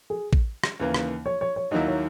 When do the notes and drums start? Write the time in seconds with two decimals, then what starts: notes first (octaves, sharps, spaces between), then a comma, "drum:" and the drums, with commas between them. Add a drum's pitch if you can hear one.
0.10 G#4
0.33 drum: kick A1
0.64 drum: rim click
0.79 D#2 C#3 E3 A#3
0.94 drum: rim click
1.26 C#5
1.41 C#5
1.56 C#5
1.71 D#2 D#3 F#3 A#3 E4 D#5
1.87 C#5